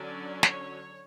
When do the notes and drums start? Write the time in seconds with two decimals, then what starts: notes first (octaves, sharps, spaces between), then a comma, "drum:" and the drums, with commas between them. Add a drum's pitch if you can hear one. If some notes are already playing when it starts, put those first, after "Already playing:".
Already playing: D3 F#3 C#4 D5
0.43 C#5, drum: snare